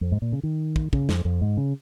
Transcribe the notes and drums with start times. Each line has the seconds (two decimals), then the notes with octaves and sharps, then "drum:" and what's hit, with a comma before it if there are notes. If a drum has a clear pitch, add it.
0.01 F2
0.12 G#2
0.22 A#2
0.32 C#3
0.43 D#3
0.76 drum: kick
0.93 C#3, drum: kick
1.09 F2, drum: snare
1.25 F2
1.41 G#2
1.57 C#3